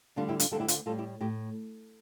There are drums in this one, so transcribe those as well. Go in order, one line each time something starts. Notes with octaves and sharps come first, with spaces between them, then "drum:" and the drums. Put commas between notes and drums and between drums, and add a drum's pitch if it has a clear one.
D2 D3 G3 D4 F4
E4 G4
D4 F4, drum: hi-hat
D2 D3 G3 F4 A4
E4 G4
D4 F4, drum: hi-hat
A2 G3 F4 A4
E4 G4
A2 E4 G4